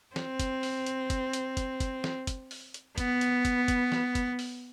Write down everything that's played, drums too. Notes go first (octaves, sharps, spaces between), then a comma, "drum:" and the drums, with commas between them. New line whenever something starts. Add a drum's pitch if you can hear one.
C4, drum: snare
drum: kick, hi-hat
drum: open hi-hat
drum: hi-hat
drum: kick, hi-hat
drum: hi-hat
drum: kick, hi-hat
drum: kick, hi-hat
drum: snare
drum: kick, hi-hat
drum: open hi-hat
drum: hi-hat
B3, drum: kick, hi-hat
drum: hi-hat
drum: kick, hi-hat
drum: kick, hi-hat
drum: snare
drum: kick, hi-hat
drum: open hi-hat